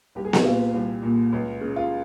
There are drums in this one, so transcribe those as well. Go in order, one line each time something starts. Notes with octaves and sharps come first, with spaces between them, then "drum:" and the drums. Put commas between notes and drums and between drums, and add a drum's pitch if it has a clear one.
C2 G4
G#4
G4, drum: snare B3
A#2 F4
C2
A#2
C#2
C#3
F4